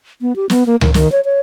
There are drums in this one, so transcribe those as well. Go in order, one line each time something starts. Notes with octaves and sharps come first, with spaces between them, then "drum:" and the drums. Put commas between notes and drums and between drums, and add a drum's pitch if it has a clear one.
B3
G4
B3, drum: snare
A#3
D#3, drum: tom C#2
D#3, drum: snare
C#5
C#5